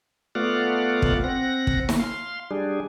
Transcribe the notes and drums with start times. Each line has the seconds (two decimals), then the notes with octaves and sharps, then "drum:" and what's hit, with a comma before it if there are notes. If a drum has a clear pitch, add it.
0.35 A3 B3 F4 D5 F5 F#5
1.02 drum: kick
1.24 C4 F#5 A#6
1.67 drum: kick
1.89 drum: snare
2.00 F5 C6
2.51 G3 D4 G#4